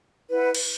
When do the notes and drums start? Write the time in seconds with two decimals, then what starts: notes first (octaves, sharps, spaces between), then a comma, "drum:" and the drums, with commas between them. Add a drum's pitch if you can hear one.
0.30 E4 B4 F#5
0.55 drum: cymbal